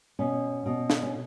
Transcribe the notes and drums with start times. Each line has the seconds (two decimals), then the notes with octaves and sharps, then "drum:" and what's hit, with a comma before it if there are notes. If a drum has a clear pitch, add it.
0.19 B2 C#4
0.66 B2
0.90 drum: snare
1.03 C#4